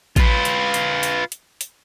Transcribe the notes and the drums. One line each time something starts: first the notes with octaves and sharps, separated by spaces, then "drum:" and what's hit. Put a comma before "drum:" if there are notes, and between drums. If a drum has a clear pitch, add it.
F4 B4, drum: kick A1, hi-hat
drum: hi-hat
drum: hi-hat
drum: hi-hat
drum: hi-hat
drum: hi-hat